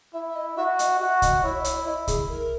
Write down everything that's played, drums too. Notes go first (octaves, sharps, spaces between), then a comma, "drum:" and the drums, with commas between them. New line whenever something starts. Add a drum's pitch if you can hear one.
E4 E5
E5
D#5
F#4 E5
D#5, drum: hi-hat
F#4 E5
D#5, drum: kick C2, hi-hat
E4 C#5
D#5
C#5, drum: hi-hat
E4 D#5
G#4, drum: kick C2, hi-hat
A#4